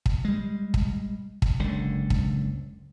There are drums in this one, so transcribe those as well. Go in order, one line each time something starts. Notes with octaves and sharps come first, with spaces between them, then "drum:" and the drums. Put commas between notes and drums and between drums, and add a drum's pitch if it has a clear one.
drum: kick
G3 G#3
drum: kick
drum: kick
F#1 C#2 D3
drum: kick